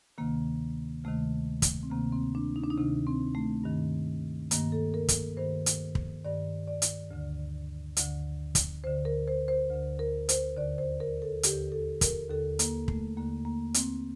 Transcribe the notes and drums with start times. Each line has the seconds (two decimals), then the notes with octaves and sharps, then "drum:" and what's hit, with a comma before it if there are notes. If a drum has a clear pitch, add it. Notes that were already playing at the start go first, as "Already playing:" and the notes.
0.18 D2 C3 D#3 A#3
1.04 D2 C3 D#3 A3
1.62 drum: kick, hi-hat
1.83 C4
1.91 D2 C3 D#3 A#3
2.12 C4
2.35 D4
2.56 D#4
2.64 D4
2.70 D#4
2.77 D2 C3 D#3 D4
3.07 C4
3.35 A3
3.64 G2 D#3
4.51 G2 D#3 A#3, drum: hi-hat
4.72 A4
4.94 A#4
5.08 drum: kick, hi-hat
5.37 G2 D#3 C5
5.66 drum: hi-hat
5.95 drum: kick
6.24 G2 D#3 D5
6.67 D5
6.82 drum: hi-hat
7.11 D2 D3
7.97 D2 D3, drum: hi-hat
8.55 drum: kick, hi-hat
8.84 D2 D3 C5
9.05 A#4
9.28 C5
9.48 C5
9.70 D2 D3
9.99 A#4
10.29 C5, drum: hi-hat
10.57 D#2 D3 D5
10.78 C5
11.00 A#4
11.22 A4
11.43 D#2 D3 G4, drum: hi-hat
11.72 A4
12.01 A#4, drum: kick, hi-hat
12.30 D#2 D3 A4
12.59 A#3, drum: hi-hat
12.88 A3, drum: kick
13.17 D#2 D3 A#3
13.45 A#3
13.74 C4, drum: hi-hat